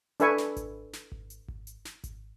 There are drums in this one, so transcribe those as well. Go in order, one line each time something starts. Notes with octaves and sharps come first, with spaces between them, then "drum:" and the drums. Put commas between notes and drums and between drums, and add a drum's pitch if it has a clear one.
D4 A4 B4 E5 G#5 C#6, drum: hi-hat
drum: snare
drum: kick G#1, hi-hat
drum: snare
drum: kick G#1
drum: hi-hat
drum: kick G#1
drum: hi-hat
drum: snare
drum: kick G#1, hi-hat